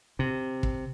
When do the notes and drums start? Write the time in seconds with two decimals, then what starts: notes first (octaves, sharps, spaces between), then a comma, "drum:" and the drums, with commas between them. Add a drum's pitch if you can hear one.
0.19 C3
0.63 drum: kick